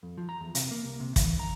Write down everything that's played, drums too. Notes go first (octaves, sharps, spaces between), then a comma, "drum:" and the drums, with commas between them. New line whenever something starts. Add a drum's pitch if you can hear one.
F2
F3
A#5
E2
C3, drum: hi-hat
A#3
C2
C3
E3, drum: kick, hi-hat
A#5